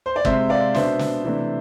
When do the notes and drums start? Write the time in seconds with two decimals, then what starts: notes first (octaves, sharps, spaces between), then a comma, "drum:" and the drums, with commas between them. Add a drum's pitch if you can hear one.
0.06 C5
0.16 D5
0.25 C3 G#3 C4 C5 E5, drum: kick G1
0.49 D5 F5
0.74 B2 B3 D4 C5 E5, drum: snare
0.99 drum: snare
1.25 C3 E3 A3 D4